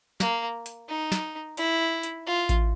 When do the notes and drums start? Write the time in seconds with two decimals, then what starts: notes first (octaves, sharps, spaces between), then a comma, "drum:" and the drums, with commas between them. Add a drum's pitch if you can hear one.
0.20 A#3, drum: snare
0.66 drum: hi-hat
0.89 D#4
1.12 drum: snare
1.57 E4, drum: hi-hat
2.03 drum: hi-hat
2.27 F4
2.49 drum: kick A1, hi-hat